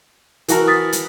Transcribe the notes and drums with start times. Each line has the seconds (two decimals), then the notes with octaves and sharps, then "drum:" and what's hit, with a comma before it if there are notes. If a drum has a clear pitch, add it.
0.48 E3 F#4 A#4, drum: hi-hat
0.67 D#6 A6 B6
0.93 drum: hi-hat